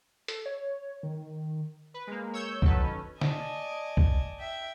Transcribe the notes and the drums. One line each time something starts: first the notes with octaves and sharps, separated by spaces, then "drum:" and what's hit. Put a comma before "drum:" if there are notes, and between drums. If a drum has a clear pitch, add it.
A4, drum: hi-hat
C#5
D#3
B4
G#3 A#3
C#5 E6 G6
D#3 F#3 A4 B4, drum: kick B1
C#4
D5 D#5 G#5 A5, drum: snare
drum: kick B1
E5 G5